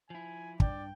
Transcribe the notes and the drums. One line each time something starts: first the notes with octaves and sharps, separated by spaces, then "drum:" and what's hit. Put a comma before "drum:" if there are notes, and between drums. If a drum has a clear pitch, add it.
F3 E4 G#5
G2 D4 D5 G5, drum: kick